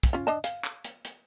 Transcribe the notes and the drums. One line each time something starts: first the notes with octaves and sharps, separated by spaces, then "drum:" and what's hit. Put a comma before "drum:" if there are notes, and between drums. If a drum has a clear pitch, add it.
drum: kick, hi-hat
C#4 F4
D4 D#5 A5
F5, drum: hi-hat
drum: clap
drum: hi-hat
drum: hi-hat